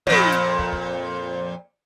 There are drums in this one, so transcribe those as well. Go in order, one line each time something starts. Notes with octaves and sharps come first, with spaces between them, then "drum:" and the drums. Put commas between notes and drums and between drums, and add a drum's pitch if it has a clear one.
F2 A#2, drum: tom
drum: hi-hat
drum: kick
drum: kick